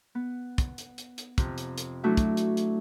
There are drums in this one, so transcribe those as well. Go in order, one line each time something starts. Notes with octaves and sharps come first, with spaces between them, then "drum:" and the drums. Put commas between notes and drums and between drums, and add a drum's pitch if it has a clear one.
B3
drum: kick, hi-hat
drum: hi-hat
drum: hi-hat
drum: hi-hat
F2 C3, drum: kick, hi-hat
drum: hi-hat
drum: hi-hat
F#3 A3 D4 E4 F#4
drum: kick, hi-hat
drum: hi-hat
drum: hi-hat